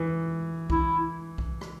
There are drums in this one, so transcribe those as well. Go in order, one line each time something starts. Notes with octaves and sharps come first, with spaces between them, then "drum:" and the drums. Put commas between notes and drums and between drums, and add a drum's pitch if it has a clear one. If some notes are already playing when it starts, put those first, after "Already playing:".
Already playing: E3
E4, drum: kick B1
drum: kick B1
drum: rim click